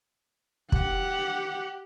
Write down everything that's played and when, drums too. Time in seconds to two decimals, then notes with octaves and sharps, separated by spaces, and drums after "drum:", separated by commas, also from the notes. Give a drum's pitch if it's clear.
0.72 G4 F#5, drum: kick